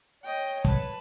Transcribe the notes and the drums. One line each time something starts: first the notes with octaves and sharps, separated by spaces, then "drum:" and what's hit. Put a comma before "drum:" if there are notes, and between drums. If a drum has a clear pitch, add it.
C#5 D#5 G5
B4 A5, drum: kick